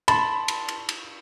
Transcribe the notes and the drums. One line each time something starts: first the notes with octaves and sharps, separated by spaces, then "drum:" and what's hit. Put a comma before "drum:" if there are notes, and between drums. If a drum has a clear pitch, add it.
A5 B5 C6, drum: cymbal
drum: cymbal
drum: cymbal
drum: cymbal